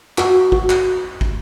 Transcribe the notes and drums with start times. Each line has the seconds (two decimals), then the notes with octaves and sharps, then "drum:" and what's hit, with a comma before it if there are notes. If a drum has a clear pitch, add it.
0.18 F#4, drum: clap
0.52 F#4, drum: kick
0.70 drum: clap
1.21 drum: kick